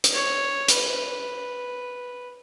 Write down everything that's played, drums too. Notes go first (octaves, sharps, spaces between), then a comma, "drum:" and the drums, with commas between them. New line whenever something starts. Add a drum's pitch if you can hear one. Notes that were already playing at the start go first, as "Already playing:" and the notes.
drum: hi-hat
C#5
B4, drum: hi-hat